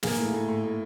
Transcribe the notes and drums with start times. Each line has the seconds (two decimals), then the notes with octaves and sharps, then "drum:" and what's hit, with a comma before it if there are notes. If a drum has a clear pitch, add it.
0.03 A#3 G#4, drum: snare
0.18 A2
0.33 A2
0.48 A2
0.64 A2